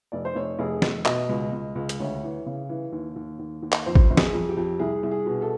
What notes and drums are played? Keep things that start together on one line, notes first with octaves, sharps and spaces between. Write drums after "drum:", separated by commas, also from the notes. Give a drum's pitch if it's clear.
F1 D5
C5
F1 C#5
F1 G#4
F1, drum: snare
B2 D#5, drum: clap
C#2
C#2
C#2
drum: hi-hat
D2 C#5
E3
C#3
E3
D#2
D#2
D#2
D#2
drum: clap
F2 C5
drum: kick
G1
G#4, drum: snare
F2
G4
F2
C2 G#4
C2
G#4
B2
A4